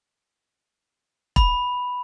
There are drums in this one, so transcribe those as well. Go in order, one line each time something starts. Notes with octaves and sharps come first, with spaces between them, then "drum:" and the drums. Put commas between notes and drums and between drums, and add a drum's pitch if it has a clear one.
B5, drum: kick E1